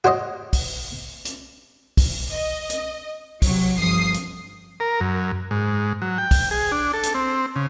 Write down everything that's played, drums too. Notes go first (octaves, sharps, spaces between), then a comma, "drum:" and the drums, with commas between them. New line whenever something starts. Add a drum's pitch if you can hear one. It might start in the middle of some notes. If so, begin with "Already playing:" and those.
F#4 C5 C#5 D#5
drum: kick, open hi-hat
drum: hi-hat
drum: kick, open hi-hat
D#5
drum: hi-hat
C3 F#3, drum: kick, open hi-hat
G1 F3 D#6 C7
drum: hi-hat
A#4
F#2
G#2
F#3
G5
drum: kick, open hi-hat
G#4
D4
A4
drum: hi-hat
C4
C#3